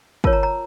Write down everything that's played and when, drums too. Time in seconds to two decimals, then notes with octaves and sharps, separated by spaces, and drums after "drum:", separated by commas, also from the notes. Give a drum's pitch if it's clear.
0.24 F4 A#4 C#5 A5, drum: kick
0.33 A#5
0.43 A#5